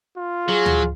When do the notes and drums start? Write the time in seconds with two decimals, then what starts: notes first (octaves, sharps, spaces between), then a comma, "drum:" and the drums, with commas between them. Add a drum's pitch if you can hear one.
0.17 F4
0.48 F#3 G#4
0.66 drum: tom D2